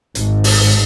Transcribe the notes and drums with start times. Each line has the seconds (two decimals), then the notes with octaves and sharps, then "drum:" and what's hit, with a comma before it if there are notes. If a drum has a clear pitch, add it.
0.15 G#1 G#2, drum: hi-hat
0.44 drum: open hi-hat